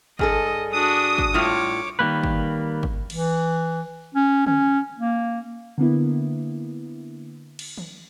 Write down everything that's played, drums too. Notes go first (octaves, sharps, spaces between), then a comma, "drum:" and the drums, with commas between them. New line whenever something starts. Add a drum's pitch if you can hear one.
G2 G#4 A4 D#5, drum: kick
D4 F#4 D#6
drum: kick
A2 G3 F4 C#5 D6
D#3 G3 A#3 B4
drum: kick
drum: kick
E3, drum: cymbal
C#4
C#4, drum: tom D3
A#3
D3 A#3 B3 E4
drum: cymbal
drum: tom D#3